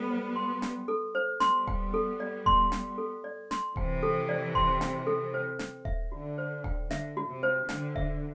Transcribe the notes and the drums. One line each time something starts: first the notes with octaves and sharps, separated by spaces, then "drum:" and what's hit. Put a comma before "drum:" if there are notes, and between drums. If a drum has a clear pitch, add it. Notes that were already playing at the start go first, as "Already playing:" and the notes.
Already playing: G3 B3 A4
C5
C6
G5, drum: snare
A4
C5
G3 B3 C6, drum: snare
G5, drum: kick D#1
A4
D5
C6, drum: kick D#1
G5, drum: snare
A4
D5
C6, drum: snare
C3 E3 G5, drum: kick D#1
A4
D5
C6, drum: kick D#1
G5, drum: snare
A4
C5
G5, drum: snare
E5, drum: kick D#1
D3 F#4
C5
G5, drum: kick D#1
D3 E5, drum: snare
F#4
C3
C5
D3 G5, drum: snare
E5, drum: kick D#1